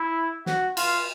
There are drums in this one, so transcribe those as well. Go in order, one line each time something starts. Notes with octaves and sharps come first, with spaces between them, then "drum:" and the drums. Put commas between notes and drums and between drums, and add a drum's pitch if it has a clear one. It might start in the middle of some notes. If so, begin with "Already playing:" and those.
Already playing: E4
F#4, drum: snare
F4, drum: cymbal